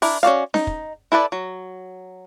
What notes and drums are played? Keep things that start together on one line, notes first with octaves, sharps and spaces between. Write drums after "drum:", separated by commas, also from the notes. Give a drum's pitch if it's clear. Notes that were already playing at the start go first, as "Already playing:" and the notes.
D4 E4 A#4 D5, drum: open hi-hat
C#4 F#4 D5 F5
D#4, drum: snare C#4
drum: kick
E4 A4 B4 D5
F#3